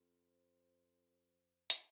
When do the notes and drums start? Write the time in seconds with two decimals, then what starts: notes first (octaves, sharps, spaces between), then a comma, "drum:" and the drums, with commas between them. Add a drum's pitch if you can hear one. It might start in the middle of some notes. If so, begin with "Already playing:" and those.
Already playing: F2
0.26 C5
1.70 drum: hi-hat